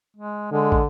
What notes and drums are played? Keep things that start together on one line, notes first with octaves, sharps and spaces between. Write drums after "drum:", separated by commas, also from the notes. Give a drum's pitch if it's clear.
G#3
D3 G#3
drum: kick